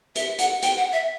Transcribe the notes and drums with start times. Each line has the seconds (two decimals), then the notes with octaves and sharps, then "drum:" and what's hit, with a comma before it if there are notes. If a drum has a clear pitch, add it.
0.15 E5, drum: hi-hat
0.38 F#5, drum: hi-hat
0.62 G5, drum: hi-hat
0.77 F#5
0.93 E5